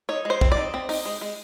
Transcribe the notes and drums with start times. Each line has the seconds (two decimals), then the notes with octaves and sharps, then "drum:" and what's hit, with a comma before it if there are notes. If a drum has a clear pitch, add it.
0.09 D#4 C#5
0.25 G#3 C5
0.41 C4, drum: kick
0.52 D5
0.57 D#4
0.74 C4
0.89 D#4, drum: open hi-hat
1.06 G#3
1.21 G#3